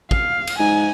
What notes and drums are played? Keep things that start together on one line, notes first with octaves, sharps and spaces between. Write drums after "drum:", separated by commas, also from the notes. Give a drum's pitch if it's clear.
F5, drum: kick
drum: cymbal
G#2 G#5